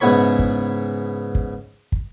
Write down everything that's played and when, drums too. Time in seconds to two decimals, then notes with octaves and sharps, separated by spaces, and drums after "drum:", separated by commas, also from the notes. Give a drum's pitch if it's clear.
0.01 G#2 C#3 B3 E4 C#5 B5
0.39 drum: kick
1.35 drum: kick
1.92 drum: kick